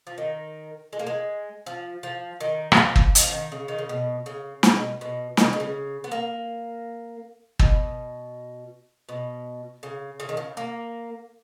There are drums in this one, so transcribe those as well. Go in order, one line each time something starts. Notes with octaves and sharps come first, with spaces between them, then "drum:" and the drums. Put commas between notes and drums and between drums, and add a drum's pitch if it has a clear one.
F3
D#3
G#3
A#3
G#3
F3
F3
D#3
F#3, drum: rim click
F3
drum: kick
D#3, drum: hi-hat
F3
D#3
C#3
D#3
C#3
B2
C#3
C#3, drum: snare
B2
B2
D#3, drum: snare
C#3
B2
C#3
B3
A#3
B2, drum: kick
B2
C#3
C#3
D#3
C#3
A#3